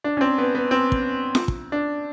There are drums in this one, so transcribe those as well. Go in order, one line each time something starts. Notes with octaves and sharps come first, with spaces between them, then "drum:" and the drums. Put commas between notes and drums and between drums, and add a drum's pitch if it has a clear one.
D4
C#4
C4
B3
B3
C4
drum: kick
drum: snare F4
drum: kick
D4